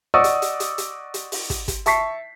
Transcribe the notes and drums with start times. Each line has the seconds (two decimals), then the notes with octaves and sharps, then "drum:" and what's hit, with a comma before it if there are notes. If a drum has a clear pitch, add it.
0.14 D5 D#5 F#5 C#6 D#6 E6
0.24 drum: hi-hat
0.42 drum: hi-hat
0.60 drum: hi-hat
0.78 drum: hi-hat
1.14 drum: hi-hat
1.32 drum: open hi-hat
1.50 drum: kick, hi-hat
1.68 drum: kick, hi-hat
1.86 E5 A5 C#6 B6 C7, drum: hi-hat